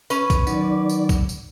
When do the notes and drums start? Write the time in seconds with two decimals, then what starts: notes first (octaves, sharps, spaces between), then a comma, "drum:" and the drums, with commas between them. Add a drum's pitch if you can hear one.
0.10 C#4 B4, drum: tambourine
0.30 drum: kick B1, tambourine
0.47 D#3 F#3 D5, drum: tambourine
0.89 drum: tambourine
1.09 drum: kick B1, tambourine
1.29 drum: tambourine